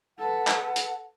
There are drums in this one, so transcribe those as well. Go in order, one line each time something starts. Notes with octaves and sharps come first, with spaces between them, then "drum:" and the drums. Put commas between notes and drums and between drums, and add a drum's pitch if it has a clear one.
A4 B4 F#5
drum: clap
drum: hi-hat